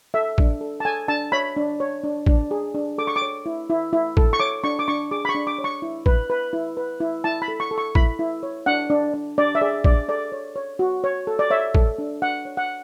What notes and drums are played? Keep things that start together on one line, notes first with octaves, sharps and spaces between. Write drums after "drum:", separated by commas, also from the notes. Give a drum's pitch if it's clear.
A4 E5
D4, drum: kick
A4
A5
A4 G#5
D4 A5
C#5 B5
D4
C#5
D4
D4, drum: kick
G#4
D4
A4 D6
C#6
D6
C#5
E4
E4
E4
A4, drum: kick
C#6
C#5 D6
D4 C#6
D6
D4 C#6
G#4 D6
B5
C#6
D4
D6
C#5
C#6
E4
B4, drum: kick
B4
E4
B4
E4
E4 A5
B5
A4
C#6
A4
C#6
E4 B5, drum: kick
E4
C#5
D4 F#5
D4
D4
D4 D5
E5
G#4 D5
D4 D5, drum: kick
A4 D5
C#5
C#5
F#4
C#5
A4
D5
C#5 E5
A4, drum: kick
D4
D4 F#5
C#5
F#5